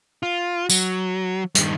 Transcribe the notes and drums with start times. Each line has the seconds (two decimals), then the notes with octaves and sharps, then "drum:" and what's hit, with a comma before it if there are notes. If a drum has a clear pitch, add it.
0.23 F4
0.70 F#3, drum: tambourine
1.55 G2 D#3, drum: hi-hat